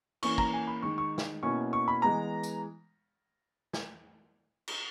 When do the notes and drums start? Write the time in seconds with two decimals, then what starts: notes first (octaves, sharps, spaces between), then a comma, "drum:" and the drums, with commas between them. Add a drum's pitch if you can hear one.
0.23 E3 A#3 C#4 E4 C#6, drum: cymbal
0.38 A#5, drum: kick
0.53 G#5
0.68 B5
0.83 D#3 G#3 D#4 C#6
0.98 C#6
1.18 drum: snare
1.43 B2 A#3 C#4 E4 C#6
1.73 C#6
1.88 B5
2.02 E3 G#3 B3 A#5
2.43 drum: tambourine
3.73 drum: snare
4.68 drum: cymbal